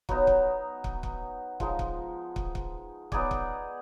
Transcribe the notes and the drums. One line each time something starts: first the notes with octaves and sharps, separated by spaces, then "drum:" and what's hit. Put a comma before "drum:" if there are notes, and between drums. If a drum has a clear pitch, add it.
F#3 B3 D#4, drum: kick
drum: kick
drum: kick
drum: kick
F3 G#3 D#4, drum: kick
drum: kick
drum: kick
drum: kick
B3 D#4 G#4 D5, drum: kick
drum: kick